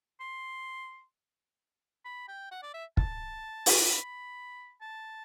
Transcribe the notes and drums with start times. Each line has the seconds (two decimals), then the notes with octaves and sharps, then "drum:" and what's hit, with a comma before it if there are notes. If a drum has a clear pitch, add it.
0.20 C6
2.05 B5
2.28 G5
2.51 F#5
2.62 D5
2.74 E5
2.97 A5, drum: kick
3.66 drum: open hi-hat
3.90 B5
4.81 A5